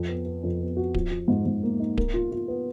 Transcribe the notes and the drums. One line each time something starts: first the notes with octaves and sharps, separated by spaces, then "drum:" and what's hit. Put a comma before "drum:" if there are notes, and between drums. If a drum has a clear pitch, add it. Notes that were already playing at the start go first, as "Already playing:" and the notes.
Already playing: F2
B3
B3
F2
B3
F#4
F3, drum: kick D1
F3
G#2
G#2
A#3
D#4
A#4, drum: kick D1
F4
F4
B3